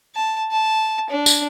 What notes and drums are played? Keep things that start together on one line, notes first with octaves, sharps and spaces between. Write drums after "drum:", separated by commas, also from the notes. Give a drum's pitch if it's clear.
A5
A5
D4
drum: tambourine